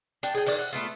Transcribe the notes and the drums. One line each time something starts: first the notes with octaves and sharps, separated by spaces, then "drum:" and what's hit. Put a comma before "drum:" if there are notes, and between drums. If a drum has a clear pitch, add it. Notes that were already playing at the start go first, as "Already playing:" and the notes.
D4 G5, drum: hi-hat
G#4 G5
D#3 E3 D5, drum: open hi-hat
F#5
A3 B3 F4